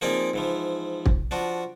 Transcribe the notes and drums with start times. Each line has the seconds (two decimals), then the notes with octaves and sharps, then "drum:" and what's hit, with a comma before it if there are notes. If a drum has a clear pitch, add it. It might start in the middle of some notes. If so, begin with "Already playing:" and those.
0.01 F3 A#3 C4 D#4 G#4 D5
0.33 G#2 E3 F3
1.06 drum: kick
1.31 F3 D4 F#4